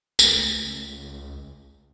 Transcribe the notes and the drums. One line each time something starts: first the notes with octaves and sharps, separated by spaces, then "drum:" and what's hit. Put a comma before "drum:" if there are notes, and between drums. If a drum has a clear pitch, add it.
C#2 A3 C#4, drum: tambourine